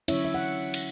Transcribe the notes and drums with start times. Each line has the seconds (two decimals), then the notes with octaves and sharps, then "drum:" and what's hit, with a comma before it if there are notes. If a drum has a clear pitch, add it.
0.08 D3 F#3 C#4 E4 C#5 E5, drum: cymbal
0.25 E5
0.34 F#5
0.74 drum: cymbal